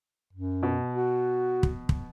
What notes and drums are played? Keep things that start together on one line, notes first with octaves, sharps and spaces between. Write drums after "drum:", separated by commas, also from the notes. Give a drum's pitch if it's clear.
F#2
B2
F#4
drum: kick
drum: kick